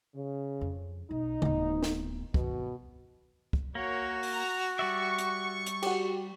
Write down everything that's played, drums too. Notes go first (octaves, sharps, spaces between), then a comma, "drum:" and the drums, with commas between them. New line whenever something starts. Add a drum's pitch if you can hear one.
C#3
F2
B1 D#4
D1 B3, drum: tom C#3
drum: snare
G1 B2 D#3, drum: kick
drum: kick
A#3 F#4 A#4 C#5
drum: open hi-hat
A#5
G3 D5 E5 C#6
drum: hi-hat
drum: hi-hat
F#4 G4, drum: cymbal